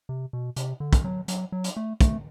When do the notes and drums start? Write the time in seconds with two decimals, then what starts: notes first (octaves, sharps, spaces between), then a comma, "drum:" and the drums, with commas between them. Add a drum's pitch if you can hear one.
0.09 C3
0.33 B2
0.56 C3, drum: hi-hat
0.80 D3
0.93 drum: kick, hi-hat
1.04 F#3
1.28 F#3, drum: hi-hat
1.52 F#3
1.64 drum: hi-hat
1.77 A3
2.01 A3, drum: kick, hi-hat